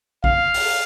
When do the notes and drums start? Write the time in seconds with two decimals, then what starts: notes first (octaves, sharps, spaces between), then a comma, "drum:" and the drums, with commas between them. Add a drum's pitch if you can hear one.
0.24 F5, drum: kick A#1
0.54 drum: open hi-hat